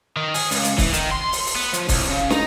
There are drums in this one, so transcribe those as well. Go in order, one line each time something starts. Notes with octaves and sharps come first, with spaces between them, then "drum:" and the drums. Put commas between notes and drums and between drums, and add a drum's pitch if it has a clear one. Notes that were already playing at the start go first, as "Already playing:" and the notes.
D#3
G#4, drum: open hi-hat
C#2, drum: open hi-hat
drum: hi-hat
E3, drum: kick C#1, open hi-hat
D#3, drum: hi-hat
C6
drum: open hi-hat
drum: open hi-hat
B3
F3, drum: hi-hat
C2, drum: kick C#1, open hi-hat
C#3
D#4, drum: snare